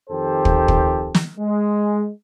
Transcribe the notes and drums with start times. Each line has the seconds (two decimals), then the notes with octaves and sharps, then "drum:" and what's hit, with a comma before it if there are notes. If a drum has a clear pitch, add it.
0.10 F2 D#3 G4 A4 C5
0.45 drum: kick
0.68 drum: kick
1.15 drum: snare
1.38 G#3